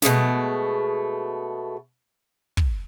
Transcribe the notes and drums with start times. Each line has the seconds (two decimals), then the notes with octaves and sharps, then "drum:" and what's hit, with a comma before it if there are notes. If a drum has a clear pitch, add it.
0.02 B2 D3 G#3 A3, drum: snare
2.57 drum: kick